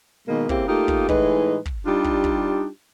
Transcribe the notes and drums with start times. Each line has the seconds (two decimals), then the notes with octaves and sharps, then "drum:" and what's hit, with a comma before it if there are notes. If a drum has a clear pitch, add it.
0.28 B2 D#3 G#3 A#3
0.49 C#3 A#3 C4 E4 G4, drum: kick
0.67 A3 A#3 D#4 F4 G4
0.88 drum: kick
1.09 A2 E3 G#3 D#4 B4, drum: kick
1.66 drum: kick
1.86 G3 D4 D#4 F4 G4
2.04 drum: kick
2.24 drum: kick